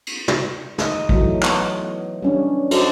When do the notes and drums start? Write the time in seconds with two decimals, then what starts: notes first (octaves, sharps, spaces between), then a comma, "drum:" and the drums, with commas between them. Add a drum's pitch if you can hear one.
0.07 drum: cymbal
0.28 drum: tom
0.78 D#4 D#5, drum: snare
1.09 E3 F#3 A3 D#4, drum: kick
1.43 B3 D#5, drum: clap
2.23 G3 C#4 D4
2.71 D#4 F#4 A4 C5 D5 D#5, drum: cymbal